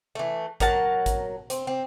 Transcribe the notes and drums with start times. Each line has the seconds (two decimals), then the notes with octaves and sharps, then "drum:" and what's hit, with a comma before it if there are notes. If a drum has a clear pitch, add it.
0.15 E3 A3
0.60 F#3 A#4 F#5 A5, drum: kick A1, hi-hat
1.06 drum: kick A1, hi-hat
1.50 C4, drum: hi-hat
1.67 C4